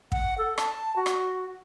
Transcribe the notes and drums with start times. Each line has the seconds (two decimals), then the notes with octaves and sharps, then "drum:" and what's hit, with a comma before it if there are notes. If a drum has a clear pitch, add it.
0.12 F#5, drum: kick
0.38 A4
0.58 A5, drum: rim click
0.96 F#4
1.06 drum: rim click